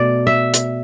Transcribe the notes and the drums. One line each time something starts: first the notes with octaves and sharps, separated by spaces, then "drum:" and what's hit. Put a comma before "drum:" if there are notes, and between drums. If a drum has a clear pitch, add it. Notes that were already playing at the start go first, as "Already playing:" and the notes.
Already playing: B2 A3 D5
E5
drum: hi-hat